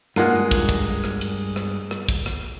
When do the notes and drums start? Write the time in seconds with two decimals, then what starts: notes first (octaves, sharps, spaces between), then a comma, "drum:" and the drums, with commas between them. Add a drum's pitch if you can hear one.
0.16 G2 G#3 A#3 F4 F#5, drum: rim click
0.51 drum: kick, cymbal
0.69 drum: kick
1.04 drum: rim click
1.21 drum: cymbal
1.56 drum: rim click
1.91 drum: rim click
2.09 drum: kick
2.26 drum: rim click